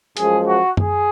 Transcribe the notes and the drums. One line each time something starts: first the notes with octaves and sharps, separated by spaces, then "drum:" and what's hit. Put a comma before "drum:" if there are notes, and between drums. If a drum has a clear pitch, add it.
F#2 F3 G#3 G#4, drum: hi-hat
F#4
G#4, drum: tom F#2